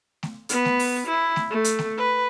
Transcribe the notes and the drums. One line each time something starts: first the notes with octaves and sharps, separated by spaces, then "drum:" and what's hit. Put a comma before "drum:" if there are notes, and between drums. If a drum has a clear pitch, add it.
drum: snare A3
B3 B4, drum: hi-hat
drum: snare A3
drum: open hi-hat
E4
drum: snare A3
A3
drum: hi-hat
drum: snare A3
B4